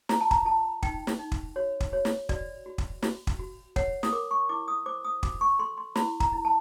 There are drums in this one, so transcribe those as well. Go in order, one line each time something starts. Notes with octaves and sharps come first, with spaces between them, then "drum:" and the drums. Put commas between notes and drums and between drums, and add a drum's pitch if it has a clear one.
F4 A#5, drum: snare
A5
A#5, drum: kick
F4 A5
D#4 G5, drum: kick
drum: snare
D#4
drum: kick
F#4 C#5
drum: kick
F#4 C#5
drum: snare
F#4 D5, drum: kick
F#4
drum: kick
F#4, drum: snare
drum: kick
F#4
C#5 F#5, drum: kick
D#6, drum: snare
A#4 D6
C#6
E4 D6
D#6
C5 D6
D#6
F#4 D6, drum: kick
C#6
A4 C6
C6
E4 B5, drum: snare
A#5, drum: kick
E4
A5